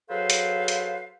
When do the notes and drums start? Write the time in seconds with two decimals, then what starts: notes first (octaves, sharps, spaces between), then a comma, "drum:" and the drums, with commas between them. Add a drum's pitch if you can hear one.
0.10 F#3 G#4 A4 B4 C5 F5
0.30 drum: hi-hat
0.68 drum: hi-hat